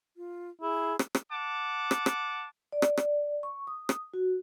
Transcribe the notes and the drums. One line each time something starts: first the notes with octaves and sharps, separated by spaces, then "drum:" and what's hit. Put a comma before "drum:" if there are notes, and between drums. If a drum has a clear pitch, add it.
F4
E4 G#4
drum: rim click
drum: rim click
F#5 A5 D6
drum: rim click
drum: rim click
D5
drum: rim click
drum: rim click
C#6
D#6
drum: rim click
F#4